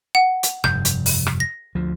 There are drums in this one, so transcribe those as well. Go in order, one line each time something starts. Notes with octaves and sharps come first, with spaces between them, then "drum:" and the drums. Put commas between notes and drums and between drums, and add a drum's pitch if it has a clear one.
F#5
drum: hi-hat
F1 G2 G6, drum: rim click
drum: hi-hat
drum: open hi-hat
drum: rim click
A#6
D2 F3